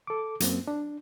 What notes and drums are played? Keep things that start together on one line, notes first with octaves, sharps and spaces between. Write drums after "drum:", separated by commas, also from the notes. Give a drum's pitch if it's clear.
A4 D6
F#2 A#3 C4, drum: hi-hat
D4